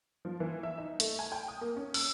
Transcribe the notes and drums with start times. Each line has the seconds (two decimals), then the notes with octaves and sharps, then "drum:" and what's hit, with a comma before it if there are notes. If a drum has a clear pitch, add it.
0.25 F3
0.40 E3
0.63 E5
0.78 D#4
1.00 A3, drum: hi-hat
1.19 G#5
1.32 G5
1.48 D#6
1.61 A#3
1.76 C#4
1.94 E6, drum: open hi-hat